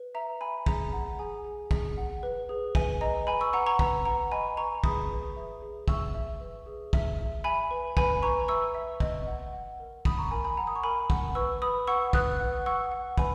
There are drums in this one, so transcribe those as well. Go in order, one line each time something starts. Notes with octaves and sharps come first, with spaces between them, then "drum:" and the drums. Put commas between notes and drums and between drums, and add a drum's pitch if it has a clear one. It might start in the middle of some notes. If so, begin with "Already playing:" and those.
Already playing: B4
E5 A#5
E5 G#5 B5
G#4 A#5, drum: kick
F#5 A#5
G#4 G#5
G#4
G#4, drum: kick
F#5
B4
G#4
B4 G#5, drum: kick
D#5 A#5
B4 G#5 B5
C#6 E6
F#5 A#5 C#6
A#5 C#6
B4 A#5, drum: kick
F#5 A#5
D#5 G#5 B5
B4 A#5 C#6
G#4 B5 D#6, drum: kick
B4
E5
G#4
E5 C#6 E6, drum: kick
E5
B4
G#4
E5, drum: kick
E5
E5 G#5 B5
B4
B4 G#5 B5, drum: kick
B4 A#5 C#6
E5 C#6 E6
E5
D#5, drum: kick
F#5
F#5
A#4
F#5 B5 D#6, drum: kick
A#5 C#6
A#4 G#5 B5
G#5 B5
F#5 A#5
D#6
C#6
A#4 G#5 B5
F#5, drum: kick
B4 C#6 E6
B4 B5 D#6
F#5 C#6 E6
B4 D#6 F#6, drum: kick
F#5
F#5 C#6 E6
F#5
B4 G#5 B5, drum: kick